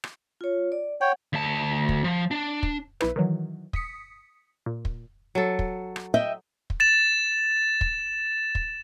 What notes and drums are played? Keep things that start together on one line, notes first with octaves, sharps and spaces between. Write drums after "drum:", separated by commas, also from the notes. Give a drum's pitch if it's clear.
drum: rim click
F4 C#5
D5
C#5 F#5 G5
D2 A5
drum: kick
F3
D4
drum: kick
B1 E4 B4, drum: rim click
D#3 E3 F#3
D#6 B6 C#7, drum: kick
A#2
drum: kick
F#3 A4
drum: kick
drum: rim click
D#5 E5 G5
drum: kick
A6 E7
drum: kick
drum: kick